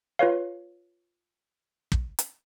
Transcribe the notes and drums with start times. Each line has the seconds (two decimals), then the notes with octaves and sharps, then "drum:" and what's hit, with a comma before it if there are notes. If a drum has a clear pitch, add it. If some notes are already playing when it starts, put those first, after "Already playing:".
0.19 F4 B4 C#5 F5
1.92 drum: kick
2.19 drum: hi-hat